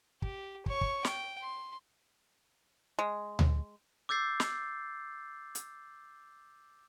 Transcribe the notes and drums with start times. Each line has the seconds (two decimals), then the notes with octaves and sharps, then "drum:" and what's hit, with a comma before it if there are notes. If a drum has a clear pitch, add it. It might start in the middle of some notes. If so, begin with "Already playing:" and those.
0.22 G4, drum: kick
0.66 C#5 C#6, drum: kick
0.81 drum: kick
1.05 G5, drum: snare
1.41 C6
2.99 G#3
3.39 drum: tom D2
4.09 D6 E6 G6 A6 C7
4.40 drum: snare
5.55 drum: hi-hat